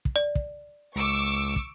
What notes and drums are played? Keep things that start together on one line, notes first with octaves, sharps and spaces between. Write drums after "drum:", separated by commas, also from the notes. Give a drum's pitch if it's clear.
drum: kick
D5
drum: kick
C#2 C#6 D6 E6
drum: kick